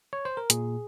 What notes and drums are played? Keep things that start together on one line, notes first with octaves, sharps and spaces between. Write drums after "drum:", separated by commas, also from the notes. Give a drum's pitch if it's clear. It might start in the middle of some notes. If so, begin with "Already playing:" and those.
C#5
C5
A#4
A#2 G#4, drum: hi-hat